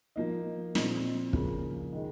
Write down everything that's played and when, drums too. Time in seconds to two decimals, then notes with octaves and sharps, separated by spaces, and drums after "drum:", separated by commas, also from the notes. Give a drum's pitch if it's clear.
0.16 F3 A#3 D#4
0.75 A#2 F3 C4 D#4, drum: snare
1.33 C#3 F3 A#3, drum: kick
1.93 D#3 G#3 D#4